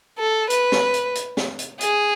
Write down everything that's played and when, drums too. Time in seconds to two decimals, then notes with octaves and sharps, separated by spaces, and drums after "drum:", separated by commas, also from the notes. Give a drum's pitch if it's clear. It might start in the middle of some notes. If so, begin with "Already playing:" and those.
0.18 A4
0.50 B4, drum: hi-hat
0.72 drum: snare
0.94 drum: hi-hat
1.15 drum: hi-hat
1.37 drum: snare
1.59 drum: hi-hat
1.81 G#4, drum: hi-hat